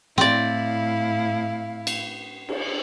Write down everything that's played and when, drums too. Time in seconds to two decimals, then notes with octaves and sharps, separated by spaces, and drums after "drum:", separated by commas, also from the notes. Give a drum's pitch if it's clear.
0.18 A2 C4 E4 D5 F5
1.87 drum: cymbal
2.49 drum: cymbal